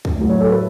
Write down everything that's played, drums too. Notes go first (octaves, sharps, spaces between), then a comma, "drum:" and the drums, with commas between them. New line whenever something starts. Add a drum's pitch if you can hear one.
drum: kick
A2 F#3
C#5
A4
B4